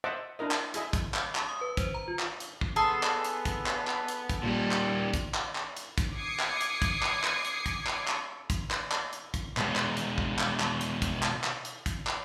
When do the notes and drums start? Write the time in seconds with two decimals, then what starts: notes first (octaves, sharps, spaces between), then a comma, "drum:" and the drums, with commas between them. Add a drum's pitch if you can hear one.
0.04 C5 D#5 E5 F#5 A5 D6
0.39 D4 E4 A#4 D#5
0.51 drum: clap
0.74 E4 G#4 D#5 E5, drum: hi-hat
0.93 drum: kick, hi-hat
1.14 drum: clap
1.35 drum: clap
1.49 D#6
1.61 B4
1.77 C5, drum: kick, hi-hat
1.94 A#5
2.08 F4
2.19 drum: clap
2.40 drum: hi-hat
2.61 drum: kick
2.76 B3 G#4 A4 C6
3.03 drum: clap
3.24 drum: hi-hat
3.45 drum: kick, hi-hat
3.66 drum: clap
3.87 drum: clap
4.08 drum: hi-hat
4.29 drum: kick, hi-hat
4.43 A#2 G3
4.71 drum: clap
5.14 drum: kick, hi-hat
5.35 drum: clap
5.56 drum: clap
5.77 drum: hi-hat
5.98 drum: kick, hi-hat
6.14 D6 D#6 G#6 C7 C#7
6.40 drum: clap
6.61 drum: hi-hat
6.82 drum: kick, hi-hat
7.03 drum: clap
7.24 drum: clap
7.45 drum: hi-hat
7.66 drum: kick, hi-hat
7.87 drum: clap
8.08 drum: clap
8.50 drum: kick, hi-hat
8.71 drum: clap
8.92 drum: clap
9.13 drum: hi-hat
9.34 drum: kick, hi-hat
9.57 B2 G#3, drum: clap
9.76 drum: clap
9.97 drum: hi-hat
10.18 drum: kick
10.39 drum: clap
10.60 drum: clap
10.81 drum: hi-hat
11.02 drum: kick, hi-hat
11.23 drum: clap
11.44 drum: clap
11.65 drum: hi-hat
11.86 drum: kick, hi-hat
12.07 drum: clap